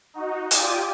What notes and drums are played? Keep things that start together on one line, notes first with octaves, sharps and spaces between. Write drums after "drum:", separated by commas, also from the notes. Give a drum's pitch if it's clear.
D#4 F#4
F4 G4 D5 G5 G#5 D#6, drum: hi-hat